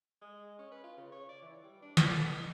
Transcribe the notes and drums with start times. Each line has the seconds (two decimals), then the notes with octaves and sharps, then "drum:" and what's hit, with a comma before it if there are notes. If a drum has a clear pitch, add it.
0.22 G#3
0.59 C#4
0.72 B4
0.84 F4
0.97 C#3
1.12 C#5
1.29 D5
1.42 E3
1.64 G3
1.82 D4
1.97 A4, drum: snare
2.27 D#4